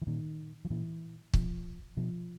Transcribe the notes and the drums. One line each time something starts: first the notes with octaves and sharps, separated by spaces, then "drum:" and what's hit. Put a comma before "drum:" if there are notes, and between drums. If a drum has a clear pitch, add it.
E3
A#2 D#3
F3
A#2 E3
B2 F3, drum: kick
B2 F3